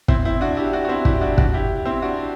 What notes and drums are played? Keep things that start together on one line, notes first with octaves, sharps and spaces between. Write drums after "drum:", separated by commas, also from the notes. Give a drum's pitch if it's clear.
C4 E4, drum: kick
C4 E4
D4 F#4
E4 G4
D4 F#4
F#4
C4 E4
E4 G4, drum: kick
D4 F#4
D4 F#4, drum: kick
E4 G4
C4 E4
D4 F#4